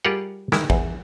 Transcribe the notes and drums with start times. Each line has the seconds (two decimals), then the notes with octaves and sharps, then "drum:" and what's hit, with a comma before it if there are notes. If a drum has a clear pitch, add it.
0.05 G3 F4 G4 G#4 A#4 F#5
0.52 D#3 E3 G#3 E4, drum: snare
0.70 E2, drum: kick